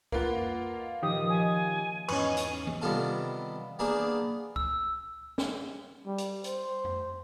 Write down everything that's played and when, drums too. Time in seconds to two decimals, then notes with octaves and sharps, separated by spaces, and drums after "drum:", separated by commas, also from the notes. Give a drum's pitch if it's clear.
0.12 A#3 F4 A#4 B4 F#5, drum: kick C#2
0.35 drum: tom F2
0.73 F5
1.03 D#1 D#3 F3 G4 D#6
1.29 C#5 D#5 E5 G#5
2.08 E2 G#2 G#3 C#4 B4 G#5 C#6, drum: cymbal
2.37 drum: hi-hat
2.67 drum: tom E3
2.81 C3 D#3 G3 B3 F4 A4
3.79 A#3 B3 D4 G#4 A#4 C5
4.56 E6, drum: kick C#2
5.38 drum: snare
6.06 G3
6.18 drum: hi-hat
6.44 C5, drum: hi-hat
6.84 drum: tom F2